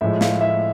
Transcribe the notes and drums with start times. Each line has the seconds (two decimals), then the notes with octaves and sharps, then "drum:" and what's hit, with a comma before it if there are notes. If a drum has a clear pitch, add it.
0.01 A2 F3 G#3 E5
0.21 F5, drum: snare
0.41 E5